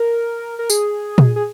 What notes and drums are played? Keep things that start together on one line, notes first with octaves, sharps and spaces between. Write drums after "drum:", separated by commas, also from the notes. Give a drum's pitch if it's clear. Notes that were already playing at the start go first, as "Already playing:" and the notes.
Already playing: A#4
A#4
G#4, drum: tambourine
drum: tom A#2
G#4